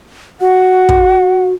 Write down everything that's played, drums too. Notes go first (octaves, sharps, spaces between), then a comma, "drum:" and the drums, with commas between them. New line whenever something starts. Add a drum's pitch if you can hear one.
F#4 F#5
drum: kick